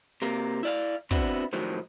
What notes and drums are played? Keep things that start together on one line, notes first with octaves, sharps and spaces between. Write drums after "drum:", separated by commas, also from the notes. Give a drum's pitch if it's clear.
C3 A#3
E4 D5 F5
B3 C4 D4 E4 F#4, drum: kick, hi-hat
A2 D#3 F3 F#3